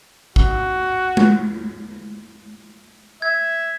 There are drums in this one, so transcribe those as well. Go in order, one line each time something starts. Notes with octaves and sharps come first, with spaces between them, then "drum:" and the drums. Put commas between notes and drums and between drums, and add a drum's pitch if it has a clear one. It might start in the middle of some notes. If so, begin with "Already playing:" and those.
F#4, drum: kick
drum: tom G#3
E5 G#6